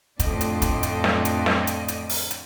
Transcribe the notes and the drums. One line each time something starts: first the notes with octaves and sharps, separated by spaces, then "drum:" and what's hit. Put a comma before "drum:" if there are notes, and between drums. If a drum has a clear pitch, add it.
F2 A2 D3 F3 D5 D#5, drum: kick, hi-hat
drum: hi-hat
drum: kick, hi-hat
drum: hi-hat
drum: snare
drum: hi-hat
drum: snare
drum: hi-hat
drum: hi-hat
drum: open hi-hat
drum: hi-hat